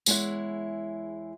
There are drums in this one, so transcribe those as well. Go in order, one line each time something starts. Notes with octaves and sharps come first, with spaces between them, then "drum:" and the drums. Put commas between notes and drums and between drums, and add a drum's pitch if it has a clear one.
E2 G#3 E4 C#5 F#5, drum: tambourine